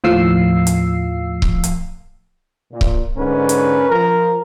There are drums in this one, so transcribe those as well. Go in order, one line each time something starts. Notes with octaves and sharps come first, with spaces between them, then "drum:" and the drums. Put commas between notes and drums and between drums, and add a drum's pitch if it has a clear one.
D#2 A2 F3 F5 E6 C7
drum: hi-hat
drum: kick C#1
drum: hi-hat
A#2
drum: kick C#1
G#2 D3 C#4 A#4 B4
drum: hi-hat
F3 A#4